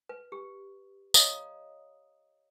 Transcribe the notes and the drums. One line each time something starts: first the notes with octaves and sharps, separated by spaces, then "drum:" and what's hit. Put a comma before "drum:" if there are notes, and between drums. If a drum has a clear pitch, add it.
B4
G4
C#5 D#5 F5 A#5 D#6, drum: tambourine